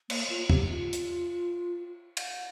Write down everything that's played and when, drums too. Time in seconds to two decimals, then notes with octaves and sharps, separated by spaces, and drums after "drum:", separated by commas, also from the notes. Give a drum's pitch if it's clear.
0.10 A#3, drum: cymbal
0.30 F4
0.50 G4, drum: tom
0.70 F4
0.93 drum: hi-hat
2.17 drum: cymbal